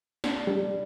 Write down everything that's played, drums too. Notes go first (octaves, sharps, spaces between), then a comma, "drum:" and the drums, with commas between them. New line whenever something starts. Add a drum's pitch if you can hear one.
D4, drum: snare
G3